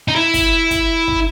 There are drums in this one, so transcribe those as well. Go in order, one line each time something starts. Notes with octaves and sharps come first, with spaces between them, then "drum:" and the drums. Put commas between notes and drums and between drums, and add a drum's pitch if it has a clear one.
D#4
E4
drum: kick, open hi-hat
drum: kick, hi-hat
drum: kick